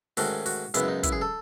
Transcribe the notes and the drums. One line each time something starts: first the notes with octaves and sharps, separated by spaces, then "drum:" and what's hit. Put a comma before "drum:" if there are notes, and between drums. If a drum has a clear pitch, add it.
G#2 D#3 A3 C#4 F#4, drum: open hi-hat
F#4, drum: open hi-hat
F#2 C#3 G#3 B3 E4, drum: hi-hat
D#4
E4, drum: kick, hi-hat
G#4
A4